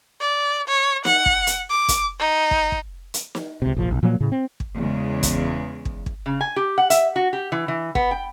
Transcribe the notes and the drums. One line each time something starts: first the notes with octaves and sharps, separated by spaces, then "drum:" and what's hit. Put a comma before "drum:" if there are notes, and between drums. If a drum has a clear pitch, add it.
D5
C#5
F#5, drum: snare
drum: kick
drum: hi-hat
D6
drum: kick, hi-hat
D#4
drum: kick
drum: kick
drum: hi-hat
drum: snare
C#2 C3
F1 A#1 F3
B1
A#2 F3 F#3 A#3
A2 C#3
C4
drum: kick
E2 C#3 G#3
drum: kick, hi-hat
drum: kick
drum: kick
C#3
G#5
G4
F#5
E5, drum: hi-hat
F#4
G4
E3
E3
B3, drum: kick
G5